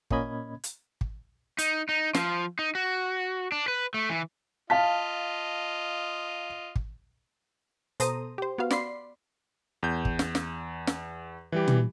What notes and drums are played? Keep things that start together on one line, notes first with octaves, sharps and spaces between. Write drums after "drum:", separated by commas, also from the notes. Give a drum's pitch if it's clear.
A#2 A#3 C#4 D#5 B5 G#6, drum: kick
drum: hi-hat
drum: kick
D#4, drum: hi-hat
D#4
F3, drum: snare
D#4
F#4
D4
B4
A3
E3
F4 D#5 F5 A5 B6
drum: kick
B2 A4 C5 A#5 D#6, drum: hi-hat
G4 C5
B3 F#4 F5
D5 B5 C6 C7, drum: snare
E2 G6
drum: kick
drum: snare
drum: snare
drum: snare
E3 G3 G4
drum: tom